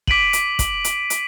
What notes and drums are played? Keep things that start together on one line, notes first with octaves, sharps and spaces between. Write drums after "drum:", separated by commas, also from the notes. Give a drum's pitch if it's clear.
D6 B6 D7 D#7 F#7, drum: kick
drum: hi-hat
drum: kick, hi-hat
drum: hi-hat
drum: hi-hat